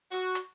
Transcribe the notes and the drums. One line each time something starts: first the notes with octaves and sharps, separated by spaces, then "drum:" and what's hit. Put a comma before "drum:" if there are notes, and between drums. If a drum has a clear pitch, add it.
F#4
drum: hi-hat